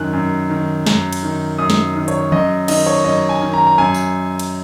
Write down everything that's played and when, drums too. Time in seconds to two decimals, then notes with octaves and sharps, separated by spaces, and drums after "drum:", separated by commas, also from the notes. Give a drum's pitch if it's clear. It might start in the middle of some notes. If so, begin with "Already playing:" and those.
Already playing: F#2 D#3 F#6
0.13 F#2
0.50 D#3
0.86 F#2, drum: snare
1.13 drum: cymbal
1.23 D#3
1.58 F#2 D#6
1.70 drum: snare
1.96 D#3
2.08 C#5, drum: hi-hat
2.32 F#2 D#5, drum: tom D#3
2.68 D#3 D#5, drum: cymbal
2.86 C#5
3.05 F#2 D#5
3.29 G#5
3.41 D#3
3.54 A#5
3.67 A#5
3.78 F#2 G#5
3.94 drum: tambourine
4.39 drum: cymbal